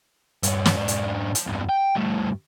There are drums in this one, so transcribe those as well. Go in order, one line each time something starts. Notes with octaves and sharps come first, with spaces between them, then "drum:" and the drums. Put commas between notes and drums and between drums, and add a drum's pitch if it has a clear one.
G2 C#4, drum: hi-hat
drum: snare
G#2 D4
drum: hi-hat
F3, drum: hi-hat
E2 G2
G5
G2 A3